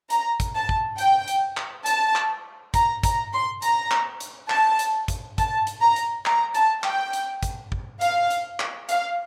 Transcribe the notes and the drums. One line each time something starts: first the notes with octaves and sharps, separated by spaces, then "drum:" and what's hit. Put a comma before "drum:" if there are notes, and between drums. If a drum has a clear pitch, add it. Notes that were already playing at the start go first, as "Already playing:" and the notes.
A#5, drum: hi-hat
drum: kick, hi-hat
A5
drum: kick
G5, drum: hi-hat
drum: hi-hat
drum: clap
A5, drum: hi-hat
drum: clap
A#5, drum: kick, hi-hat
A#5, drum: kick, hi-hat
C6
A#5, drum: hi-hat
drum: clap
drum: hi-hat
A5, drum: clap
drum: hi-hat
drum: kick, hi-hat
A5, drum: kick, hi-hat
drum: hi-hat
A#5
drum: hi-hat
A#5, drum: clap
A5, drum: hi-hat
G5, drum: clap
drum: hi-hat
drum: kick, hi-hat
drum: kick
F5, drum: hi-hat
drum: hi-hat
drum: clap
F5, drum: hi-hat